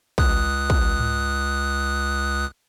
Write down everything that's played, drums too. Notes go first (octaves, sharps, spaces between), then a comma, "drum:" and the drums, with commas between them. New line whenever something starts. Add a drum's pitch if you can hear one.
C#2 D#6 F#6, drum: kick
drum: kick
drum: tom G#2